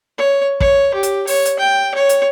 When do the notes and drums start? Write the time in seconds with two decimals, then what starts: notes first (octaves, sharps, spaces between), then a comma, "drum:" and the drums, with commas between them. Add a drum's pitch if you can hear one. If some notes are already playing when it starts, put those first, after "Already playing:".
0.18 C#5
0.61 C#5, drum: kick
0.94 G4
1.03 drum: hi-hat
1.27 C#5, drum: open hi-hat
1.46 drum: hi-hat
1.59 G5
1.95 C#5
2.09 drum: hi-hat